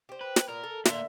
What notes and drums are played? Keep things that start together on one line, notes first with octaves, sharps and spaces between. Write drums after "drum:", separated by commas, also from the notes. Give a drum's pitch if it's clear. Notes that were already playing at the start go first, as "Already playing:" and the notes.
G4 C5
B4
drum: snare
A#2 B3 A#4
A4
D3 A#3 D4 A#4 E5 C6, drum: snare